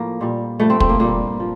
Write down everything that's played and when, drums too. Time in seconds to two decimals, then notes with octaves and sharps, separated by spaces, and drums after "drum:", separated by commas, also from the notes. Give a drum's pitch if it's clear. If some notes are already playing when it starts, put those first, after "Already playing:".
Already playing: A2 F3 A#3
0.21 A#2 G3
0.60 G2 F3 A3
0.70 C4
0.80 C4, drum: kick
0.89 A#3
0.99 A#2 G3 A#3
1.40 F3